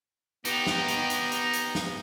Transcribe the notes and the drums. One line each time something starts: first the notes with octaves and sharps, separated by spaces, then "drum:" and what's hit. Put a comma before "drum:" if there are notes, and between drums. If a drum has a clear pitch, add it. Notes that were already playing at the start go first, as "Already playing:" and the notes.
B3 D#4 G4 G6, drum: hi-hat
drum: snare
drum: hi-hat
drum: hi-hat
drum: hi-hat
drum: hi-hat
drum: snare